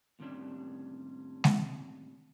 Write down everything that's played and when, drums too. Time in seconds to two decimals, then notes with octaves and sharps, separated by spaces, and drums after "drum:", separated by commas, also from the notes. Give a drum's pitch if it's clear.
0.19 D#2 A2 C3 G3 C#4 D4
1.44 drum: snare G#3